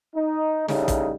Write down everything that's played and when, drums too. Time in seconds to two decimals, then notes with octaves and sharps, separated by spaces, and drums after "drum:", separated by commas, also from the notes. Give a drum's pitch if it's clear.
0.16 D#4
0.69 A2 C#3 G3 D#4, drum: snare
0.88 drum: kick, hi-hat